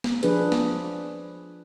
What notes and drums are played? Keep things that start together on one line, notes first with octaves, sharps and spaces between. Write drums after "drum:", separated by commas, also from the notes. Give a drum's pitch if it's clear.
drum: snare
F3 D4 G#4 B4, drum: hi-hat
drum: snare